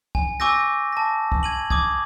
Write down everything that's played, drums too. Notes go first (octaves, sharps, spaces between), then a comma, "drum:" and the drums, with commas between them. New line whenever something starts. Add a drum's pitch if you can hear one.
G#5, drum: kick
G#5 C#6 D6 E6 G6 A#6, drum: rim click
A5 A#6
drum: kick
G#6 D#7 F#7
D6 D#6 G#6, drum: kick